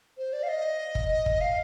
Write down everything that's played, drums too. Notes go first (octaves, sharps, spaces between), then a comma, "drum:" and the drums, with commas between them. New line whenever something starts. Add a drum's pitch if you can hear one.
C5
D5
F5
D#5
drum: kick
drum: kick
F5